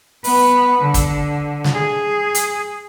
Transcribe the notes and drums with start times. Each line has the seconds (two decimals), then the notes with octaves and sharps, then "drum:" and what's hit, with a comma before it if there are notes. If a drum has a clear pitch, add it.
0.24 B3 B4, drum: open hi-hat
0.81 D3
0.94 drum: kick, hi-hat
1.64 drum: snare
1.74 G#4
2.35 drum: hi-hat